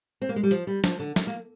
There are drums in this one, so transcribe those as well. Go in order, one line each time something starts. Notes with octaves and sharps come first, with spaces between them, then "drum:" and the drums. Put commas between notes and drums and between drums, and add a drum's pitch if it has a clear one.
C4
A#3
G#3
G3
F3, drum: hi-hat
G3
F3, drum: snare
D3
D#3, drum: snare
A#3